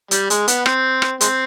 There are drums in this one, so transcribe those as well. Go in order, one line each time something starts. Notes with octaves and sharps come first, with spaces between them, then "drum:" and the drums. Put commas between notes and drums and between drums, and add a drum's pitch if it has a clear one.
G3, drum: hi-hat
G#3, drum: hi-hat
B3, drum: hi-hat
C4, drum: rim click
drum: rim click
G#3 C4, drum: hi-hat